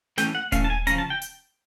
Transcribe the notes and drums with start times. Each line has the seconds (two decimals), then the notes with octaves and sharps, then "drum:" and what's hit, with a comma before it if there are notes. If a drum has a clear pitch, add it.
0.18 E3 A3 C#4 G5, drum: snare
0.35 F#5
0.52 E3 A3 C#4 F5, drum: kick D#1, hi-hat
0.64 A5
0.70 G#5
0.87 C#3 F3 A3 C#4 A#5, drum: hi-hat
0.98 A5
1.10 G5
1.22 drum: hi-hat